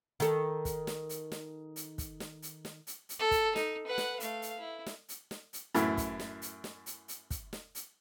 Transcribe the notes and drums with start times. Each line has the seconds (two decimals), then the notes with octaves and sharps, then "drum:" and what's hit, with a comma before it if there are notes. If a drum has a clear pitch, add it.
0.20 D#3 A4, drum: hi-hat
0.65 drum: kick, hi-hat
0.87 drum: snare
1.09 drum: hi-hat
1.32 drum: snare
1.76 drum: hi-hat
1.98 drum: kick, hi-hat
2.20 drum: snare
2.42 drum: hi-hat
2.65 drum: snare
2.87 drum: hi-hat
3.09 drum: hi-hat
3.19 A4
3.31 drum: kick, hi-hat
3.56 D#4, drum: snare
3.87 B4 F#5
3.98 drum: snare
4.20 A3 F5, drum: hi-hat
4.42 drum: hi-hat
4.59 E4
4.86 drum: snare
5.09 drum: hi-hat
5.31 drum: snare
5.53 drum: hi-hat
5.75 F#2 A2 E3, drum: hi-hat
5.97 drum: kick, hi-hat
6.20 drum: snare
6.42 drum: hi-hat
6.64 drum: snare
6.86 drum: hi-hat
7.08 drum: hi-hat
7.30 drum: kick, hi-hat
7.53 drum: snare
7.75 drum: hi-hat